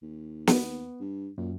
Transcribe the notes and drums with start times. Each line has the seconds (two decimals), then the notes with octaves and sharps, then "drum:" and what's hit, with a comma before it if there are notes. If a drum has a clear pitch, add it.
0.02 D#2
0.47 B3, drum: snare
1.00 G2
1.38 F#2 A#2